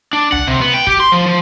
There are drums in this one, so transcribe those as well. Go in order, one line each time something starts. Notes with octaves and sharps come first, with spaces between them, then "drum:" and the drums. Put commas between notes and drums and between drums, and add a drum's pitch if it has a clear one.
D4
F#5, drum: tom C#2
C3
B3
G5
G4, drum: kick
C6
F3
F3